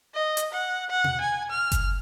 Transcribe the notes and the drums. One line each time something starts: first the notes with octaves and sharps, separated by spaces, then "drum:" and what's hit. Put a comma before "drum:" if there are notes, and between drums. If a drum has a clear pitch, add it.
D#5
drum: hi-hat
F#5
F#5
drum: tom B2
G#5
F6
drum: kick F#1, hi-hat